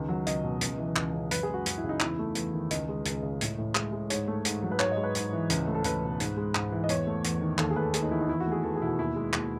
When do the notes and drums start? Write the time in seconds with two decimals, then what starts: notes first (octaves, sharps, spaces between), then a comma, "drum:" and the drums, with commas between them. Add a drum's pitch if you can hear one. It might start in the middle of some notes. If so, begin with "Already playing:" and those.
Already playing: C#2 D#3
0.09 F#3
0.27 C#2 D#5, drum: hi-hat
0.43 B2
0.61 C#2, drum: hi-hat
0.78 E3
0.96 C#2, drum: clap
1.13 C#3
1.31 F#2 B4, drum: hi-hat
1.43 G#4
1.49 G#3
1.54 F#4
1.66 F#2 F#4, drum: hi-hat
1.78 E4
1.84 C#3
1.89 D#4
2.00 E2 E4, drum: clap
2.19 A3
2.35 E2, drum: hi-hat
2.53 D#3
2.71 C#2 D#5, drum: hi-hat
2.89 G#3
3.05 C#2, drum: hi-hat
3.23 C#3
3.41 A2, drum: hi-hat
3.58 A2
3.75 G#3, drum: clap
3.93 G#3
4.10 G#2 C#5, drum: hi-hat
4.28 A3
4.45 G#2, drum: hi-hat
4.63 F#3
4.72 B4
4.79 G#2 C#5, drum: clap
4.92 D#5
4.97 G#3
5.03 B4
5.15 G#2, drum: hi-hat
5.33 E3
5.50 C#2, drum: hi-hat
5.67 A3
5.75 A4
5.84 C#2 B4, drum: hi-hat
6.02 B2
6.20 G#2, drum: hi-hat
6.37 G#3
6.55 G#2, drum: clap
6.72 E3
6.84 D#5
6.89 E2 C#5, drum: hi-hat
7.07 A3
7.24 E2, drum: hi-hat
7.41 D#3
7.58 D#2 A4, drum: clap
7.70 G#4
7.76 A3 B4
7.82 A4
7.94 D#2 G#4, drum: hi-hat
8.03 D#4
8.11 D#3 E4
8.21 D#4
8.29 E2 E4
8.40 F#4
8.46 A3
8.52 G#4
8.64 E2 A4
8.76 G#4
8.82 B2 E4
8.87 F#4
8.99 D#2 E4
9.16 G#3
9.33 D#2, drum: clap